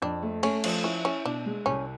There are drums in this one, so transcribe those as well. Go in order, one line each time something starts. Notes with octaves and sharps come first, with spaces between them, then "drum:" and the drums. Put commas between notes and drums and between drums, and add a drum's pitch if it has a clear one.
F2 D4
A3
A3 C#4, drum: cymbal
F3, drum: cymbal
C#4 E4
C#4 E4
B2 D4
G#3
C2 C#4